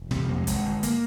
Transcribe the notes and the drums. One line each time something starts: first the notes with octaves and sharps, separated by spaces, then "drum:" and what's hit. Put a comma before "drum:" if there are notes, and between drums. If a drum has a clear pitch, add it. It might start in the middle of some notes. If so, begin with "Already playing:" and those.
Already playing: E1
C3 G3, drum: snare
F3
F2 A#3
G#3
G1, drum: hi-hat
G1
A#3, drum: hi-hat